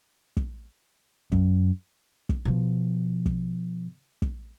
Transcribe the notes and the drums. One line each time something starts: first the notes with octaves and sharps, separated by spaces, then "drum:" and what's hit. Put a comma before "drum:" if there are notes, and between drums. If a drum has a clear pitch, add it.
drum: kick
F#2, drum: kick
drum: kick
B2 F3
drum: kick
drum: kick